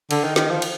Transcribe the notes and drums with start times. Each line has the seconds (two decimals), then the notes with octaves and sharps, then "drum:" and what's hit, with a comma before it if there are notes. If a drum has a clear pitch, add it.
0.11 D3, drum: cymbal
0.24 D#3
0.36 D#3, drum: snare
0.50 F3
0.62 drum: cymbal